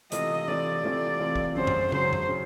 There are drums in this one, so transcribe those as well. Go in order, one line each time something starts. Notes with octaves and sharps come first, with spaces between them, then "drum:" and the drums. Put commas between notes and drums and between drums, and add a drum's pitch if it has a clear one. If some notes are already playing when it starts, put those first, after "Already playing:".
C3 E3 A3 C4 F4 D#5, drum: hi-hat
C3 E3 A3 C4 F4 D5
C3 E3 A3 C4 F4
C3 E3 A3 C4 F4
drum: kick
F#2 C#3 F#3 C5
drum: tom F#2
F#2 C#3 F#3 C5, drum: tom
drum: tom F#2
C#3